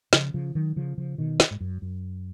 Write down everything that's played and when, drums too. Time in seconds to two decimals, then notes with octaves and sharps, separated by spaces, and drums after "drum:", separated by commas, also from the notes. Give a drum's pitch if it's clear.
0.13 C#3 F3, drum: snare
0.34 C#3 F3
0.55 D#3 F#3
0.76 C#3 F3
0.98 C#3 F3
1.18 B2 D#3
1.40 drum: snare
1.51 G#2
1.61 F#2
1.82 F#2